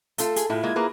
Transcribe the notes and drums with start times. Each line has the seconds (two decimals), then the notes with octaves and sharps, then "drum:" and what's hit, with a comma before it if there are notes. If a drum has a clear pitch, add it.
0.18 A3 F4 A4, drum: hi-hat
0.36 G#4, drum: hi-hat
0.50 A2 E4 F4
0.63 G#3 A#3 G#6
0.76 A#3 G#4 A#4 B4